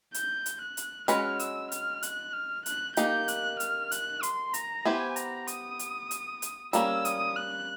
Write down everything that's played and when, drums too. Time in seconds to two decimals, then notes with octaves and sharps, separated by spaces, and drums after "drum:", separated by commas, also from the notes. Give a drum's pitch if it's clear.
0.14 G6, drum: hi-hat
0.46 drum: hi-hat
0.62 F#6
0.77 drum: hi-hat
1.08 G#3 C#4 F#4 B4 F6, drum: hi-hat
1.39 E6, drum: hi-hat
1.72 F6, drum: hi-hat
2.03 F#6, drum: hi-hat
2.33 F6
2.66 F#6, drum: hi-hat
2.97 A#3 D#4 G4 G6, drum: hi-hat
3.28 F#6, drum: hi-hat
3.60 F6, drum: hi-hat
3.92 F#6, drum: hi-hat
4.23 C6, drum: hi-hat
4.54 A#5, drum: hi-hat
4.85 B3 E4 G4 C5 G#5
5.16 A#5, drum: hi-hat
5.47 D#6, drum: hi-hat
5.79 drum: hi-hat
6.11 drum: hi-hat
6.42 drum: hi-hat
6.73 G3 A#3 C#4 E6, drum: hi-hat
7.05 D#6, drum: hi-hat
7.36 F#6